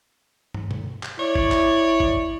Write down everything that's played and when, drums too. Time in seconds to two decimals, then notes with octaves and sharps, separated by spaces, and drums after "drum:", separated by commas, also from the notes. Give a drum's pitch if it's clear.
0.54 drum: tom
0.71 drum: tom
1.03 drum: clap
1.19 E4 C#5 D5
1.35 drum: kick G1
1.52 drum: clap
2.00 drum: kick G1